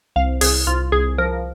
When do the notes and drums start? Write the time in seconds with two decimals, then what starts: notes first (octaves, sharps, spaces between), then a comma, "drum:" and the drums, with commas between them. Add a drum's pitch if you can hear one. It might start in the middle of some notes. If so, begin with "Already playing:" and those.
0.16 C2 F5
0.41 C2 G#4, drum: open hi-hat
0.67 C2 F4
0.92 C2 G#4
1.18 F3 A#4